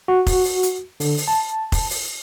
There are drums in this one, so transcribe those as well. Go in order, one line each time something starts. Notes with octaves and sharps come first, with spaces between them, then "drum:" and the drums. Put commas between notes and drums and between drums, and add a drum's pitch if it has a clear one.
F#4
drum: kick F1, open hi-hat
drum: open hi-hat
drum: hi-hat
D3, drum: open hi-hat
drum: open hi-hat
A5
drum: kick F1, open hi-hat
drum: open hi-hat